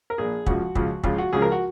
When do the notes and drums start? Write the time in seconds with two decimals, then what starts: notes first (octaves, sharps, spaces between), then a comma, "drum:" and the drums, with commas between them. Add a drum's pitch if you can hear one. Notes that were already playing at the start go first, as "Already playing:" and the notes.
0.10 A#4
0.18 A#1 A#2 F3 G#4
0.46 C#2 C#3 F3 F#4, drum: kick
0.75 C#2 C#3 F3, drum: kick
1.03 C#2 C#3 F3 F4, drum: kick
1.18 F#4
1.33 C#2 C#3 F3 G#4
1.42 A#4
1.52 F#4